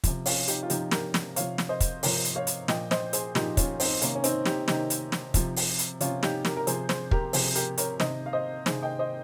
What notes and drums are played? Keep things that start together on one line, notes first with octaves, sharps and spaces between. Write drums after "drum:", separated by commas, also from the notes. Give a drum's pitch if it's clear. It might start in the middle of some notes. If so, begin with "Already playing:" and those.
C3 F3, drum: kick, hi-hat
C#4 F4, drum: open hi-hat
D#4 G4, drum: hi-hat
F4
C3 F3 D#4 G4, drum: hi-hat
G4 A#4, drum: snare
drum: snare
C3 F3 C#5 F5, drum: hi-hat
drum: snare
C5 D#5
drum: kick, hi-hat
C3 F3 A#4 C#5, drum: open hi-hat
drum: hi-hat
C#5 F5
drum: hi-hat
A#2 F3 D#5 G5, drum: snare
C5 D#5, drum: snare
G#4 C5, drum: hi-hat
A#2 F3 D#4 G4, drum: snare
C#4 F4, drum: kick, hi-hat
C4 D#4, drum: open hi-hat
C3 D#3 A#3 C#4, drum: hi-hat
C#4
C4 D#4, drum: hi-hat
D#4 G4, drum: snare
C3 D#3 D#4 G4, drum: snare
drum: hi-hat
drum: snare
C3 F3, drum: kick, hi-hat
drum: open hi-hat
drum: hi-hat
C3 F3 C#4 F4, drum: hi-hat
D#4 G4, drum: snare
G4 A#4, drum: snare
A#4
C3 F3 G#4 C5, drum: hi-hat
G#4 C5, drum: snare
G4 A#4, drum: kick
C3 F3 G#4 C5, drum: open hi-hat
G4 A#4, drum: hi-hat
A#4 C#5, drum: hi-hat
C3 D#3 C5 D#5, drum: snare
F5
C5 D#5
C3 D#3 G#4 C5, drum: snare
D#5 G5
C5 D#5